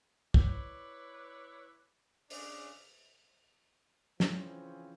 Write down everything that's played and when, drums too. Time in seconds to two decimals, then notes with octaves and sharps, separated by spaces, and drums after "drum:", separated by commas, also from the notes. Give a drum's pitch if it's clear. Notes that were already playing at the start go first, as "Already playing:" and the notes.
0.34 E4 B4 C#5 D5, drum: kick
2.30 C#3 D4, drum: open hi-hat
4.20 C#3 E3 F3 C4 C#4, drum: snare